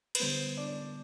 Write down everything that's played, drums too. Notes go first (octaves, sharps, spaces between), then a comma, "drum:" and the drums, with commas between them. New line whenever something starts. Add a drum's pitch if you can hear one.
B4, drum: cymbal
D3 G3 B3 C5
D4 D5